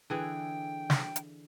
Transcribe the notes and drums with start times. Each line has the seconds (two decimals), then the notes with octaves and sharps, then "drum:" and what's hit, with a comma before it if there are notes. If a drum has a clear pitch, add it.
0.10 D3 E3 G#4 G5
0.90 drum: snare
1.16 drum: hi-hat